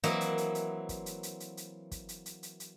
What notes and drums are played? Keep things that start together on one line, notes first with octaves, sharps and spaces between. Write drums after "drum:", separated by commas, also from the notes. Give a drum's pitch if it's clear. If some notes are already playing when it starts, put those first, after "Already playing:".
E3 F#3 A#3 C4 F#4 D#5, drum: hi-hat
drum: hi-hat
drum: hi-hat
drum: hi-hat
drum: kick, hi-hat
drum: hi-hat
drum: hi-hat
drum: hi-hat
drum: hi-hat
drum: kick, hi-hat
drum: hi-hat
drum: hi-hat
drum: hi-hat
drum: hi-hat